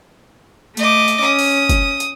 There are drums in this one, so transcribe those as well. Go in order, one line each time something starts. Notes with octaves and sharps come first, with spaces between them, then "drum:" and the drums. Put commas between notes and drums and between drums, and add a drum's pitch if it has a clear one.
A3 D#5 D6, drum: hi-hat
drum: hi-hat
C#4 D#6
drum: open hi-hat
drum: kick, hi-hat
drum: hi-hat